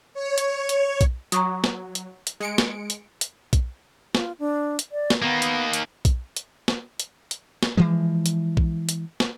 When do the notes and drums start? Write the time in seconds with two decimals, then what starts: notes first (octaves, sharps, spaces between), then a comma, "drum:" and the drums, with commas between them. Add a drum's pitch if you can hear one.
0.14 C#5
0.38 drum: hi-hat
0.69 drum: hi-hat
1.01 drum: kick, hi-hat
1.32 F#3 A#5 C#6 D#6, drum: hi-hat
1.64 drum: snare
1.95 drum: hi-hat
2.27 drum: hi-hat
2.40 G#3 C#7 D7
2.58 drum: snare
2.90 drum: hi-hat
3.21 drum: hi-hat
3.53 drum: kick, hi-hat
4.15 F4, drum: snare
4.39 D4
4.79 drum: hi-hat
4.92 D5
5.10 drum: snare
5.22 D#3 A#3 B3
5.42 drum: hi-hat
5.73 drum: hi-hat
6.05 drum: kick, hi-hat
6.36 drum: hi-hat
6.68 drum: snare
7.00 drum: hi-hat
7.31 drum: hi-hat
7.63 drum: snare
7.77 E3 F3 G#3
8.26 drum: hi-hat
8.57 drum: kick
8.89 drum: hi-hat
9.20 drum: snare